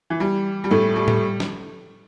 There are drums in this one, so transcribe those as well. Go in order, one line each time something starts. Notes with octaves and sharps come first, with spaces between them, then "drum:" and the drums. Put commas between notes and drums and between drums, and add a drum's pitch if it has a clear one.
E3
G3
G3
A2 A3
G3
G3, drum: tom A2
drum: snare